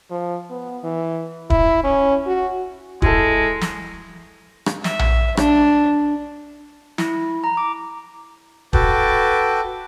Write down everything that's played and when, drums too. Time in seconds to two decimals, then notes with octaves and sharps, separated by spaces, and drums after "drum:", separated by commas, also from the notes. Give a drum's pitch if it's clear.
0.11 F3
0.50 B3
0.84 E3
1.50 E4, drum: kick
1.84 C#4
2.26 F#4
3.02 G#3 E4 A4, drum: kick
3.61 drum: snare
4.66 drum: rim click
4.84 E5, drum: snare
4.99 drum: tom A#1
5.37 D4, drum: rim click
6.98 E4, drum: snare
7.44 A#5
7.57 D6
8.73 F#4 A4 B4 G5 A5 D6, drum: kick